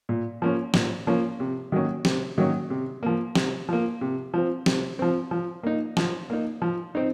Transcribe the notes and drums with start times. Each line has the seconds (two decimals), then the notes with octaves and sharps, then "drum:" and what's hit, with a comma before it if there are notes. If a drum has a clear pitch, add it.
0.09 A#2
0.42 F3 A#3 C#4
0.74 A#2, drum: snare
1.07 F3 A#3 C#4
1.40 C3
1.72 D#3 F#3 A#3 C#4
2.05 C3, drum: snare
2.38 D#3 F#3 A#3 C#4
2.70 C3
3.03 F3 A#3
3.35 C3, drum: snare
3.69 F3 A#3
4.01 C3
4.34 F3 C4
4.66 C3, drum: snare
4.99 F3 C4
5.31 F3
5.63 A#3 D#4
5.97 F3, drum: snare
6.30 A#3 D#4
6.62 F3
6.95 C4 D#4